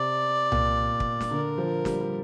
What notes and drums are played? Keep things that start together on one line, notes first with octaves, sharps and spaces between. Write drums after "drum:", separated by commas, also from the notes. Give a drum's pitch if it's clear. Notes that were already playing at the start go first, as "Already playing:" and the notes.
Already playing: C3 D5
A#2, drum: tom C2
drum: kick
drum: snare
D3 A#4
F3
G3, drum: snare
G3